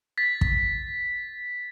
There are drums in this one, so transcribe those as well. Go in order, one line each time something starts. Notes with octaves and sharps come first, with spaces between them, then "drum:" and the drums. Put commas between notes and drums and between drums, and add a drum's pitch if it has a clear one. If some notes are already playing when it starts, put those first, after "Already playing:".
A6 B6
drum: kick